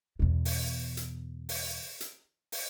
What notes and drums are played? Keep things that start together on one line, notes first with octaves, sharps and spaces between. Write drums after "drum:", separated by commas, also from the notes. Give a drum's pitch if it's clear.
E2 B2
drum: open hi-hat
drum: hi-hat
drum: open hi-hat
drum: hi-hat
drum: open hi-hat